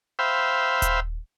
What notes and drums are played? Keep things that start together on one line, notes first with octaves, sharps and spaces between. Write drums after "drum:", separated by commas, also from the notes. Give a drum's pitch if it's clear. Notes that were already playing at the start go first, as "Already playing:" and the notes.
C5 E5 F5 G5 B5
drum: kick D#1, hi-hat